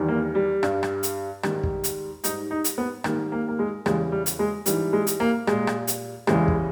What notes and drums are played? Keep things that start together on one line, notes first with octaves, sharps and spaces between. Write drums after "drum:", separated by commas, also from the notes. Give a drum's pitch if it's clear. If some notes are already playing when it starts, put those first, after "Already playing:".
Already playing: E2 D#3 G3
A#3
G3
G2 G3, drum: rim click
drum: rim click
drum: hi-hat
G#2 D#3 G3, drum: rim click
drum: kick
drum: hi-hat
G#2 G3 D#4, drum: hi-hat
D#4
drum: hi-hat
B3
G#2 D#3 G3 A#3, drum: rim click
A#3
A#3
G#3
E2 C#3 E3 G3 G#3, drum: rim click
G3
drum: hi-hat
G#3
G#2 E3 G3, drum: hi-hat
G#3
drum: hi-hat
A#3
A#2 G3 G#3, drum: rim click
drum: rim click
drum: hi-hat
E2 C#3 E3 G3 G#3, drum: rim click
drum: kick